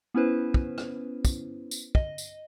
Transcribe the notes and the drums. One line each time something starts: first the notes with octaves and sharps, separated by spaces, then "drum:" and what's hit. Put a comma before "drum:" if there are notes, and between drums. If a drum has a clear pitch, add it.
B3 C#4 E4 B4 C5
drum: kick
drum: rim click
drum: kick, tambourine
drum: tambourine
D#5, drum: kick
drum: tambourine